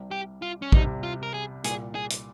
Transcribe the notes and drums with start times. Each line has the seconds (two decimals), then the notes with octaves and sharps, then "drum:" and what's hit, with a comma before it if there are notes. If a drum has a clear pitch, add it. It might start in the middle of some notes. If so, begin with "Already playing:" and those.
Already playing: C2 C3 G3
0.11 G4
0.42 F4
0.62 C#4
0.72 C2 C3 G3 D#4, drum: kick
1.03 F4
1.23 A#4
1.34 G#4
1.64 C2 A#2 G3 G#4, drum: hi-hat
1.95 G#4
2.10 drum: hi-hat